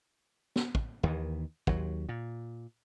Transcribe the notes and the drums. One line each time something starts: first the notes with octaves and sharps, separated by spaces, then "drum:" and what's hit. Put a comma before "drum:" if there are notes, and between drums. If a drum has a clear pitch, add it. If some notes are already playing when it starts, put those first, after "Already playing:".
drum: snare
drum: kick
D#2 D#3 E3
D#2 F#3, drum: kick
A#2